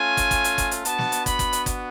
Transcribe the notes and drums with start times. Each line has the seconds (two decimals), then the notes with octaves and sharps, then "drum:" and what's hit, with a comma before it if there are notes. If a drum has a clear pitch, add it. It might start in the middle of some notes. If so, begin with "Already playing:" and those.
Already playing: A3 C#4 F4 G#5
0.17 drum: kick, hi-hat
0.31 drum: kick, hi-hat
0.44 drum: hi-hat
0.58 drum: kick, hi-hat
0.71 drum: hi-hat
0.85 B3 D4 F#4 A5, drum: hi-hat
0.98 drum: snare
1.12 drum: hi-hat
1.26 B5, drum: kick, hi-hat
1.39 drum: kick, hi-hat
1.53 drum: hi-hat
1.66 drum: kick, hi-hat